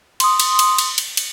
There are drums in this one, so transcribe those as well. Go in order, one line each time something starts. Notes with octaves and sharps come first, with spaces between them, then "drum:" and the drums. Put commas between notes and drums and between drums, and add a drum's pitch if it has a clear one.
C6 D#6, drum: cymbal
drum: cymbal
drum: cymbal
drum: cymbal
drum: cymbal
drum: cymbal